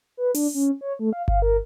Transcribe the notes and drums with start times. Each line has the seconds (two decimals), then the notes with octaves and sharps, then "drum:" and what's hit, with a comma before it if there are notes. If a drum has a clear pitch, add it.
0.17 B4
0.35 D4, drum: open hi-hat
0.54 C#4
0.81 C#5
0.99 A3
1.13 F5
1.28 F5, drum: kick G1
1.42 A#4